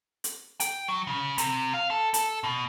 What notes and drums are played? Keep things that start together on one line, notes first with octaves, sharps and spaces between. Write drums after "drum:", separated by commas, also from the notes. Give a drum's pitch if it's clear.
drum: hi-hat
G5, drum: hi-hat
F#3
C#3
C3, drum: hi-hat
F5
A4
A4, drum: hi-hat
B2